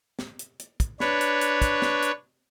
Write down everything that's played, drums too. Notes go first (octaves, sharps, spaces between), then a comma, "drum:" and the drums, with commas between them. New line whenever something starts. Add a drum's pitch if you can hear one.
drum: snare
drum: hi-hat
drum: hi-hat
drum: kick, hi-hat
D4 B4 C#5, drum: snare
drum: hi-hat
drum: hi-hat
drum: kick, hi-hat
drum: snare
drum: hi-hat